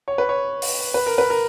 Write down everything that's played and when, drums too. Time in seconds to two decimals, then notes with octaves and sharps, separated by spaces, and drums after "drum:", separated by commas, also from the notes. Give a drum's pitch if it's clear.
0.08 C#5
0.18 B4
0.29 C#5
0.62 drum: open hi-hat
0.94 B4
1.06 A#4
1.18 B4
1.30 A#4